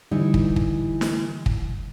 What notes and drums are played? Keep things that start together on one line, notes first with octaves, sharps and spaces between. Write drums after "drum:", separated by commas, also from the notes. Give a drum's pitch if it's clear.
D3 E3 G3 D#4
drum: kick
drum: kick
drum: snare
drum: kick